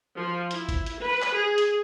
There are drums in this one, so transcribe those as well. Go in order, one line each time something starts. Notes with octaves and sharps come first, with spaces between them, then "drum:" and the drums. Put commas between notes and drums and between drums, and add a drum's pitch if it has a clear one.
F3
E4, drum: hi-hat
drum: kick, hi-hat
drum: hi-hat
B4
drum: clap
G#4
drum: hi-hat